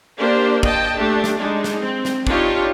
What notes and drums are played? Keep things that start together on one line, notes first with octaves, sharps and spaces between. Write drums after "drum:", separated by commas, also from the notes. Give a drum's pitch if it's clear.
A#3 D4 G4 C5
D#5 G5 A5, drum: kick
A3 D4 G4
drum: snare
G#3 D4 D#4
drum: snare
C4
drum: snare
D4 D#4 F4 G4 C#5, drum: kick